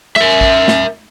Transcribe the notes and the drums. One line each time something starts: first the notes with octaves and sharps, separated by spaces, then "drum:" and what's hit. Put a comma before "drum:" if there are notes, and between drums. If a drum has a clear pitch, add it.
A#4 E5, drum: rim click
drum: kick A1
drum: snare